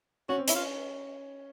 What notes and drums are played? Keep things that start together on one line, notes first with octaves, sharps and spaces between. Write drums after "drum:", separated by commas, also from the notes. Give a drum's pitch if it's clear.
C#4 F#4
C4
C#4 E4, drum: hi-hat
F4